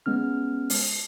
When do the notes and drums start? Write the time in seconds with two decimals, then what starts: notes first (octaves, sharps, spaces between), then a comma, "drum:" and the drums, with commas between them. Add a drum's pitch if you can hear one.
0.06 G#3 B3 C#4 F6
0.70 drum: open hi-hat